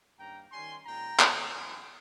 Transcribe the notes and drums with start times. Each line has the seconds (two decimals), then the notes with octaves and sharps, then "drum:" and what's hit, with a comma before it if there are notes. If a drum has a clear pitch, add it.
0.18 G2 D#3 A#3 C#4 G5 A#5
0.52 D#3 G3 C#4 G#5 C6
0.85 A#2 G#3 C#4 G5 A#5
1.20 G#2 D#3 G#3, drum: clap
1.52 G2 F3 C4 D#4 G#5 C6